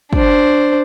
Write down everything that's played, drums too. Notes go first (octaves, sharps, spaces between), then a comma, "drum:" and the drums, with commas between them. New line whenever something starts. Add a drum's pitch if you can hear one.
D4 C5, drum: kick